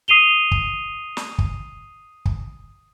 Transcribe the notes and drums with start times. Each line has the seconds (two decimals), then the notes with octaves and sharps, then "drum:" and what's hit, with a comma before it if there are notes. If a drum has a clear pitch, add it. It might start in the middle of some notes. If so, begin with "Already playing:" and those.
0.08 D#6 C7 D#7 F7 G7
0.51 drum: kick
1.17 drum: snare
1.38 drum: kick
2.25 drum: kick